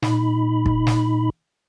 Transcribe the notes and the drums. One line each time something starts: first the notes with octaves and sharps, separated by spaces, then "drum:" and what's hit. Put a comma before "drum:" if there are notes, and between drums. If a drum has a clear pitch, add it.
A#2 D#4 B5, drum: snare
drum: kick
drum: snare